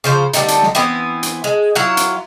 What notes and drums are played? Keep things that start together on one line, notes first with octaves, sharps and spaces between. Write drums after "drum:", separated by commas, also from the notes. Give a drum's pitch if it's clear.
C#3 F3 C5
D3 G3 A3 D#4, drum: hi-hat
drum: hi-hat
drum: snare
E3 B3 C4 E4
drum: hi-hat
G#3
F#3 E4 F4 F#5
drum: hi-hat